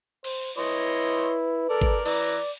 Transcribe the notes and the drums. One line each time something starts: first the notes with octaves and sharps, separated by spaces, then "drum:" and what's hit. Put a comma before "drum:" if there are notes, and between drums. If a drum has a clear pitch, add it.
C5, drum: cymbal
E4 B4 C#5 D#5 C6
A4 A#4 D5
drum: kick G1
E3 D5 A#5, drum: cymbal